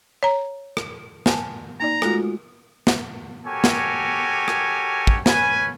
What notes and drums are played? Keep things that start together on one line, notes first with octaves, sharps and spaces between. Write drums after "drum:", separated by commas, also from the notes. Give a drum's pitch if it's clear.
C#5 A#5
drum: rim click
G#5 A5, drum: snare
A#3 D#4 D5 A#5
G#3 A3 F4 F#4 A4, drum: rim click
drum: snare
F#4 G4 A4 A#4 C#5 G#5
drum: snare
drum: rim click
drum: kick
C#4 B4 G#5, drum: snare